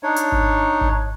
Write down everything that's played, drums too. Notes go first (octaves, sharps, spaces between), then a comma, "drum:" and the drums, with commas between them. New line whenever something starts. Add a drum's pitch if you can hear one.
D4 D#4 C#5
drum: hi-hat
drum: kick G#1
drum: kick G#1